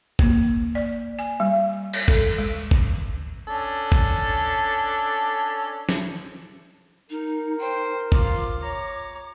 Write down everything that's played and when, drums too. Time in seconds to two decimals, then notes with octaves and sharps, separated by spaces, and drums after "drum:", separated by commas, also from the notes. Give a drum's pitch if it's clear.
0.19 A#3, drum: kick G#1
0.75 D5
1.19 G#5
1.40 G3
1.93 drum: cymbal
2.08 A4, drum: kick G#1
2.38 G#3
2.71 drum: kick G#1
3.48 C#4 D4 A4
3.92 drum: kick G#1
5.89 drum: snare
7.10 D#4 A#4
7.60 C5 G5
8.12 F4 D6, drum: kick G#1
8.61 C#5 A#5